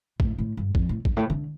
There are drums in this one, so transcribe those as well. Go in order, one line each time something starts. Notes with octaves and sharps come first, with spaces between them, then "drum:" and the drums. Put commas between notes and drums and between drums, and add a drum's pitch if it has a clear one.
A2, drum: kick
A2
G2
F2, drum: kick
A2
G2, drum: kick
A2
D3